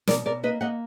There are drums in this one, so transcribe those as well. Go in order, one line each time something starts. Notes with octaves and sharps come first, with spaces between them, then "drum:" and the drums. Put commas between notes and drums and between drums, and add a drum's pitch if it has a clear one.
B2 A#4 D5, drum: snare
B2 A#4 D5
A#3 B4 D#5
A#3 D#5 F#5